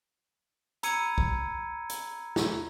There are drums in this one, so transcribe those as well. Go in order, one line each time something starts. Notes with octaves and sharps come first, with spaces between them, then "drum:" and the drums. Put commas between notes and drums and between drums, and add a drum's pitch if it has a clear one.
A#5 B5 E6 G#6 C#7 D#7, drum: hi-hat
drum: kick
drum: hi-hat
drum: snare